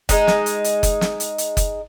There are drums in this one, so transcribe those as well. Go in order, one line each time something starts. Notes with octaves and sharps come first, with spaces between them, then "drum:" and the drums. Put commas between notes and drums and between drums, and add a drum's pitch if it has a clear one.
G#3 D#4, drum: kick F#1, hi-hat
drum: snare
drum: hi-hat
drum: hi-hat
drum: kick F#1, hi-hat
drum: snare
drum: hi-hat
drum: hi-hat
drum: kick F#1, hi-hat